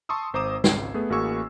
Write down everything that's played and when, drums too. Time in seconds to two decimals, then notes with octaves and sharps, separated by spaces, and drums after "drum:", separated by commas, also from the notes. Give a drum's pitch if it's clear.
0.09 A5 C6 C#6 D#6 E6
0.33 G#1 C5 A#5 D6 D#6 E7
0.64 G#1 C#2 G#6 C7, drum: snare
0.94 A3 B3 G#4
1.10 A1 A#3 F#4 G#4 C#6 E6